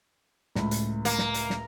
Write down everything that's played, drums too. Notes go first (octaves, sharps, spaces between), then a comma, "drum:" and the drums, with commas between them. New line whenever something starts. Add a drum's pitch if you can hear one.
C#2 A2 B5, drum: snare
drum: hi-hat
A#3, drum: hi-hat
drum: snare
drum: hi-hat
drum: snare